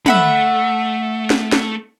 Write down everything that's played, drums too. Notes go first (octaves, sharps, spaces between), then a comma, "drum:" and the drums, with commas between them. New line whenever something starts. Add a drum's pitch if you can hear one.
A3 E5 F#5 B5, drum: tom
drum: snare
drum: snare